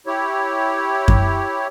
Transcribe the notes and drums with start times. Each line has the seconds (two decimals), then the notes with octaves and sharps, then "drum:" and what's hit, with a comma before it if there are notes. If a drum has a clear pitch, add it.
0.07 E4 G4 C#5
1.08 drum: kick F#2